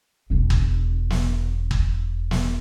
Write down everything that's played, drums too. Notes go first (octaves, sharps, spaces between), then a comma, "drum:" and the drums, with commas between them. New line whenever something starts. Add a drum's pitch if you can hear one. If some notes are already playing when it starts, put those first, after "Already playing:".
E1 D4
drum: kick
drum: snare
drum: kick
drum: snare